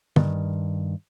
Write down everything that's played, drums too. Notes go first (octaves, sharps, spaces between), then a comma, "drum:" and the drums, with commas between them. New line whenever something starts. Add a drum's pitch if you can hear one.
G2 D#3, drum: tom